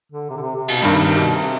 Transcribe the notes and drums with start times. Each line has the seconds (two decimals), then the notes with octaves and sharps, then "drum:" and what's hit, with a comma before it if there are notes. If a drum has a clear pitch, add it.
0.12 D3
0.30 C3
0.36 D3
0.42 C3
0.55 C3
0.68 B2, drum: cymbal
0.82 G2 C3 D#3 G3 D4
0.99 C3
1.16 B2
1.34 C3